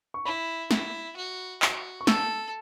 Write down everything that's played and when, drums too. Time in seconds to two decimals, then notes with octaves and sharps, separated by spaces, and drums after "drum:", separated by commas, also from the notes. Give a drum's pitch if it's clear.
0.14 C#6
0.25 E4 B5
0.71 E4, drum: snare
1.16 F#4
1.62 F#4, drum: clap
2.01 C#6
2.07 A4 E6, drum: snare